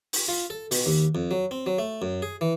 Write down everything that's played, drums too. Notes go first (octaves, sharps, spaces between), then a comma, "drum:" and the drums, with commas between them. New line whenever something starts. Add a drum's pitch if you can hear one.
drum: open hi-hat
F4
A4
B2, drum: open hi-hat
D#2
F2
F#3
C4
F#3
A3
F#2
G#4
E3